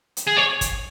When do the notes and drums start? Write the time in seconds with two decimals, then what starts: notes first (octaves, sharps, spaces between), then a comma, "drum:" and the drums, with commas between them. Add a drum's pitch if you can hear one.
0.17 drum: hi-hat
0.27 G#4
0.37 C#5
0.61 drum: kick, hi-hat